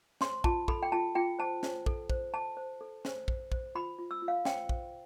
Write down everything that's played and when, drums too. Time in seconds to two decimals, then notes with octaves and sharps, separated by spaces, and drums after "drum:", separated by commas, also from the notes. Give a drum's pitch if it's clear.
0.21 C5 C6, drum: snare
0.44 F4 A5, drum: kick
0.68 A4 B5, drum: kick
0.83 G5
0.92 F4 A5
1.15 F4 G5
1.39 C5 A5
1.63 C5, drum: snare
1.86 A4, drum: kick
2.10 C5, drum: kick
2.34 C5 A5
2.57 C5
2.81 A4
3.05 C5, drum: snare
3.28 C5, drum: kick
3.52 C5, drum: kick
3.75 F4 B5
3.99 F4
4.11 E6
4.22 F4
4.28 F5
4.45 C5 G5, drum: snare
4.69 C5, drum: kick